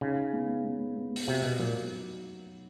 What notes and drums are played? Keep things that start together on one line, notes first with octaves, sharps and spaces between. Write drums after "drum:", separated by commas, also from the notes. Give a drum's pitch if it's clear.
C#3 D#4
B3
B3
B3
drum: open hi-hat
C3 F#4
B2
A#2 F#3